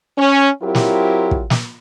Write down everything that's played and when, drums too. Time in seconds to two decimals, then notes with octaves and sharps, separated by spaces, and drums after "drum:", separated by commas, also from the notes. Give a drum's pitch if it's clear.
0.18 C#4
0.61 F#3 C4 E4 F4 G4 A#4
0.75 drum: snare
1.31 drum: kick
1.50 drum: snare